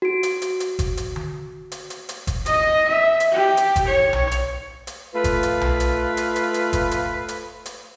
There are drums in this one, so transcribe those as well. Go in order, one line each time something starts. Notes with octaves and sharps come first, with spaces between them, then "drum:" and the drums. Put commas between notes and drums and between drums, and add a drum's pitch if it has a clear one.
F#4 D7
drum: hi-hat
drum: hi-hat
drum: hi-hat
drum: kick F#1, hi-hat
drum: hi-hat
drum: tom D3
drum: hi-hat
drum: hi-hat
drum: hi-hat
drum: kick F#1, hi-hat
D#5, drum: hi-hat
E5
drum: hi-hat
G4
drum: hi-hat
drum: kick F#1, hi-hat
C#5
drum: tom B1
drum: hi-hat
drum: hi-hat
A3 F4 B4
drum: kick F#1, hi-hat
drum: hi-hat
drum: tom B1
drum: hi-hat
drum: hi-hat
drum: hi-hat
drum: hi-hat
drum: kick F#1, hi-hat
drum: hi-hat
drum: hi-hat
drum: hi-hat